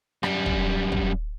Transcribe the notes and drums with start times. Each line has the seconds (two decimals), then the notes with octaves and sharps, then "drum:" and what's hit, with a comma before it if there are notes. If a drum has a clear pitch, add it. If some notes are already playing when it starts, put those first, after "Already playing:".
0.23 F#2 G3, drum: rim click
0.46 drum: kick
0.92 drum: kick